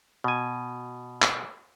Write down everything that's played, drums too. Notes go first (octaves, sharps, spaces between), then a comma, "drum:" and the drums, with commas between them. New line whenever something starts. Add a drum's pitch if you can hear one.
B2 G#5
drum: clap